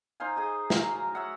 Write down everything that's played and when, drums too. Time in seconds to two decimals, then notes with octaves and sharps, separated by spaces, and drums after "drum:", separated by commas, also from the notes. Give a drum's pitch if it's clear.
0.20 D#4 C5 F5 G#5
0.36 G#4 D#5 D#6
0.70 F#3 F5 A#5, drum: snare
1.15 C#5 E5 F#5